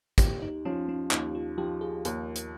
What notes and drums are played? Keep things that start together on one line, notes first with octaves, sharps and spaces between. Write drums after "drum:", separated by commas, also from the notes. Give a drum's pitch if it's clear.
D#2 G4, drum: kick, hi-hat
D#4
F3 C#4
C#4
D#2 D#4, drum: clap
F4
F3 G4
G#4
D#2 A#4, drum: hi-hat
drum: hi-hat